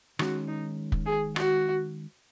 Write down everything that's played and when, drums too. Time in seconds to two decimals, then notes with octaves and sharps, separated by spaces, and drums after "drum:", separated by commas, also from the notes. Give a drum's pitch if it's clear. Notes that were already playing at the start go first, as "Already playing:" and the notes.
0.19 D#3 G#3 C#4 F#4, drum: rim click
0.48 D#4
0.92 drum: kick
1.06 G#4
1.36 F#4, drum: rim click